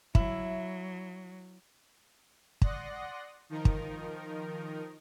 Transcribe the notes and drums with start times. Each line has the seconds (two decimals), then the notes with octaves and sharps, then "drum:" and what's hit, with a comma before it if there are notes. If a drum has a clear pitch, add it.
0.15 F#3 E4, drum: kick
2.62 D5 F#5 C6 D#6 F#6 A#6, drum: kick
3.49 D#3 F3 D#4 A#4
3.65 drum: kick